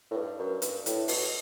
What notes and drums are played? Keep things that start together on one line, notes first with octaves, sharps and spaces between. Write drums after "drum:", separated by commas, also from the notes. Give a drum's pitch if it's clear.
A2
G2
F#2
G2, drum: hi-hat
A2, drum: hi-hat
B2, drum: open hi-hat